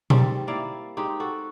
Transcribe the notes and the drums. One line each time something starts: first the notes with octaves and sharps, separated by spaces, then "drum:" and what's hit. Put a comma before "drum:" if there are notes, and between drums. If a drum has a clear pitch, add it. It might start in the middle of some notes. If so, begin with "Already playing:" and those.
G#2 D#3 G3 C4, drum: tom B2
A#3 E4 D5 F5
G#3 C4 D#4 G4
F#4 A4